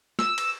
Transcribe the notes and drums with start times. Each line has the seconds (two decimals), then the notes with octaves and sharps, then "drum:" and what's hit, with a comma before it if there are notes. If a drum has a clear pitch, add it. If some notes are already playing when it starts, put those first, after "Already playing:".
0.19 E6, drum: snare
0.38 drum: cymbal